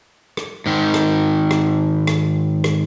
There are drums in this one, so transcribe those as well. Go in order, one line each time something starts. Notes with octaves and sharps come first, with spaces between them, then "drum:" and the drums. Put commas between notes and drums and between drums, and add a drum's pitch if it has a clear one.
drum: rim click
G#2 D#3
drum: rim click
drum: rim click
drum: rim click
drum: rim click